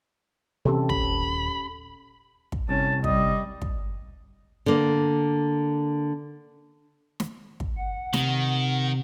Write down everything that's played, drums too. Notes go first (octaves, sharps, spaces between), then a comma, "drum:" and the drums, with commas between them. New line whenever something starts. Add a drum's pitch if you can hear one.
C3 E3 C4 C#4 G4 A4
D#1 B5, drum: kick
drum: kick
C2 C#4 A5
G3 D#5, drum: kick
drum: kick
D3 A#3
drum: snare
drum: kick
F#5
C3 D#3, drum: snare